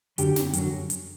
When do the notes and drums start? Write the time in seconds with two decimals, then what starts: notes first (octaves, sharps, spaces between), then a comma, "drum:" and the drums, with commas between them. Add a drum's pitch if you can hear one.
0.18 F#2 D3 F#3 G4, drum: hi-hat
0.36 drum: snare
0.53 F#2 D3 F#3, drum: hi-hat
0.90 drum: hi-hat